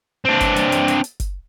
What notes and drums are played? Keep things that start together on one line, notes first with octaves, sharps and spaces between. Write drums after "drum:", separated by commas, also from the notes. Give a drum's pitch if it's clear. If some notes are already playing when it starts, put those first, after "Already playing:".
C4 D4
drum: kick F#1, hi-hat
drum: hi-hat
drum: hi-hat
drum: hi-hat
drum: hi-hat
drum: kick F#1, hi-hat